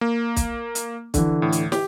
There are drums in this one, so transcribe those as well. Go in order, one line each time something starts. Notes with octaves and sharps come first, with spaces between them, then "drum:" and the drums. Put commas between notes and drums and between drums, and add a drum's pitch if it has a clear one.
A#3
drum: kick B1, hi-hat
drum: hi-hat
D3 E3, drum: kick B1, hi-hat
A2
drum: hi-hat
G4, drum: snare